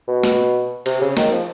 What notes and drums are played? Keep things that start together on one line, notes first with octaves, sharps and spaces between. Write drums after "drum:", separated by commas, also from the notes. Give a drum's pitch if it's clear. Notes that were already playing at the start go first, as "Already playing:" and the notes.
B2
drum: snare
C3, drum: cymbal
C#3
D#3, drum: snare
F3